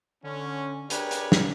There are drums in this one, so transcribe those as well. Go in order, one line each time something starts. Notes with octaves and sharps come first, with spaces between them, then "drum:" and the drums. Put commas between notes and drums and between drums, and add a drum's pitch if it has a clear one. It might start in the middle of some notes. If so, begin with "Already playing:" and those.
D3 C#4
D4 G4 G#4 A#4 B4 C#5, drum: hi-hat
drum: hi-hat
drum: snare